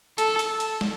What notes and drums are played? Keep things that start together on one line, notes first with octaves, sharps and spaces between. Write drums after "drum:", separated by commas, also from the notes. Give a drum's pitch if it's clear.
A4, drum: hi-hat
drum: hi-hat
drum: hi-hat
drum: snare